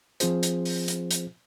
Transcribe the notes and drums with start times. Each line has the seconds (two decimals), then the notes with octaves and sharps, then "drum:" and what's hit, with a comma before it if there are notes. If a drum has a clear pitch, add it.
0.20 F3 C4 F4 G#4 C5, drum: hi-hat
0.43 drum: hi-hat
0.65 drum: open hi-hat
0.88 drum: hi-hat
1.11 drum: hi-hat